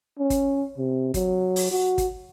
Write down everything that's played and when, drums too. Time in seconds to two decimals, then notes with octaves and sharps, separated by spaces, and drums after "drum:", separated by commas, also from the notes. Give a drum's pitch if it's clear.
0.19 C#4
0.30 drum: kick, hi-hat
0.78 C3
1.14 F#3, drum: kick, hi-hat
1.56 drum: open hi-hat
1.71 F#4
1.98 drum: kick, hi-hat